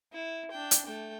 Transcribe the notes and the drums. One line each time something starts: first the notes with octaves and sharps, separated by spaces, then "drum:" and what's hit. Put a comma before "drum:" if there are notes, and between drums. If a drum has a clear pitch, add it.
E4
D4 G5
drum: hi-hat
A3 G5